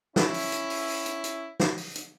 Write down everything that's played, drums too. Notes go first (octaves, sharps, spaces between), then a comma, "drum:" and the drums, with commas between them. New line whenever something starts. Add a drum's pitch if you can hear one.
C#4 E4, drum: snare
drum: open hi-hat
drum: hi-hat
drum: open hi-hat
drum: open hi-hat
drum: hi-hat
drum: hi-hat
drum: snare
drum: open hi-hat
drum: hi-hat